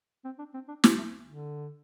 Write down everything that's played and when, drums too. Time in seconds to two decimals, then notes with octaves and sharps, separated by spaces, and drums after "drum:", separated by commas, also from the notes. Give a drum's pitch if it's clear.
0.25 C4
0.39 D4
0.54 C4
0.68 D4
0.84 C4, drum: snare
0.98 A3
1.28 D3